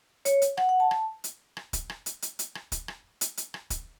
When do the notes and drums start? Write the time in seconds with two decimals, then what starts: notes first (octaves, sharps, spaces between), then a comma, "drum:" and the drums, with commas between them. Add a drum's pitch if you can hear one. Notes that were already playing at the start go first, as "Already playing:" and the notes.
0.25 C#5, drum: hi-hat
0.42 drum: hi-hat
0.57 F#5, drum: rim click
0.69 F#5
0.80 A5
0.91 drum: rim click
1.24 drum: hi-hat
1.57 drum: rim click
1.73 drum: kick, hi-hat
1.90 drum: rim click
2.06 drum: hi-hat
2.22 drum: hi-hat
2.39 drum: hi-hat
2.55 drum: rim click
2.72 drum: kick, hi-hat
2.88 drum: rim click
3.21 drum: hi-hat
3.37 drum: hi-hat
3.54 drum: rim click
3.70 drum: kick, hi-hat